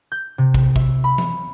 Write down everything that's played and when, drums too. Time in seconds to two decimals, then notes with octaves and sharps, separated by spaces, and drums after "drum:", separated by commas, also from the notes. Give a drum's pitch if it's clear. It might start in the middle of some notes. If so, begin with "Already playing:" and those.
0.12 G6
0.38 C3
0.54 drum: kick
0.76 E5, drum: kick
1.04 B5
1.18 drum: tom E3